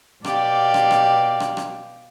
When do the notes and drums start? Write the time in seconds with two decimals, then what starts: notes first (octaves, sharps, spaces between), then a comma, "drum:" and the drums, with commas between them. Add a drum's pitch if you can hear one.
0.24 B2 G4 D5 F5, drum: rim click
0.74 drum: rim click
0.91 drum: rim click
1.40 drum: rim click
1.57 drum: rim click